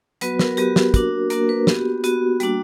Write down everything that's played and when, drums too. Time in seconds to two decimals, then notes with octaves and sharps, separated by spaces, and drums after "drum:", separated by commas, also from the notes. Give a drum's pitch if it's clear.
0.21 F#3 B3 F#4 B4, drum: hi-hat
0.39 A#4, drum: snare
0.57 F#3 B3 F#4 G4, drum: hi-hat
0.76 drum: snare
0.94 A#3 D4 F#4 A#4, drum: kick, hi-hat
1.30 A#3 D4 F#4 A#4, drum: hi-hat
1.49 B4
1.67 B3 F#4 G4, drum: snare
2.04 B3 F#4, drum: hi-hat
2.40 G3 A#3 D4 F#4, drum: hi-hat